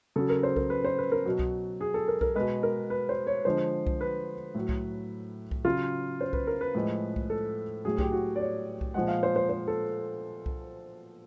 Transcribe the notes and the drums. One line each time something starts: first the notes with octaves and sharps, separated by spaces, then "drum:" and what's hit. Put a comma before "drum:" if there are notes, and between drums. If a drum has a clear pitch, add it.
C#3 F#3 A4
A#4
C5
A#4, drum: kick C2
B4
C5
B4
A#4
B2 F#3
drum: kick C2
G#4
A4
A#4
A#4, drum: kick C2
B2 G#3 B4
A#4
B4
C5
C#5
D3 F3 G#3 C5
drum: kick C2
B4
A2 F#3
drum: kick C2
drum: kick C2
C#3 F#3 F4
C5
B4, drum: kick C2
A#4
B4
A2 F3 G#3
drum: kick C2
A4
A2 F#3 G#4
G4, drum: kick C2
F#4
D5
C#5
drum: kick C2
A#2 F3 G#3 F#5
F5
C5
C5
C5
A4
drum: kick C2